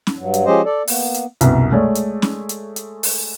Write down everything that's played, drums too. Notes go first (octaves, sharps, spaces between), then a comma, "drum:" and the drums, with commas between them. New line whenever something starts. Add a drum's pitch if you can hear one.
drum: snare C#4
G2 F#3
drum: hi-hat
F3 G#3 C#4 G4 C5 D#5
A4 D5
A#3 B3, drum: open hi-hat
drum: hi-hat
C2 F#2 B2, drum: hi-hat
G#3 A3 C#5 D5
drum: hi-hat
drum: snare C#4
drum: hi-hat
drum: hi-hat
drum: open hi-hat